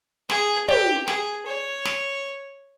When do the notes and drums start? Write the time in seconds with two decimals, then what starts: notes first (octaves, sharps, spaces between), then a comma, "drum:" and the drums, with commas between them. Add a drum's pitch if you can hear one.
0.30 G#4, drum: snare
0.68 G4, drum: tom
1.08 G#4, drum: snare
1.47 C#5
1.85 drum: snare